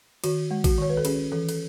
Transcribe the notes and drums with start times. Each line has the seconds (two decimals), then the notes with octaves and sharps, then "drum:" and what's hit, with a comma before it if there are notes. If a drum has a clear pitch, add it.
0.24 D#3 F#4, drum: cymbal
0.51 G#3
0.64 F#4, drum: kick A1, cymbal
0.78 D#3 C#5
0.89 B4
0.97 A4
1.05 C#4 G#4, drum: cymbal
1.32 E3 A4
1.49 A4, drum: cymbal